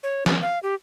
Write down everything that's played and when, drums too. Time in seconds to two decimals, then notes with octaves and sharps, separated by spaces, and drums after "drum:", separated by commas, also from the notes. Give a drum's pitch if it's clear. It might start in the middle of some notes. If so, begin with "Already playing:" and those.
0.03 C#5
0.26 C#4, drum: snare
0.42 F5
0.63 G4